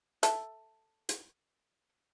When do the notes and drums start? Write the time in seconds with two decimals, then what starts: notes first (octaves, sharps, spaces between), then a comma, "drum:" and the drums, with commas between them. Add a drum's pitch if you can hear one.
0.23 A4 E5, drum: hi-hat
1.09 drum: hi-hat